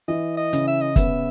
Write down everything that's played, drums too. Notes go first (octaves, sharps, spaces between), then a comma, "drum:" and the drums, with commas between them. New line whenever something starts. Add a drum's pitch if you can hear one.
E3 D#5
D#5
C#3, drum: hi-hat
E5
D#5
B3 E5, drum: kick, hi-hat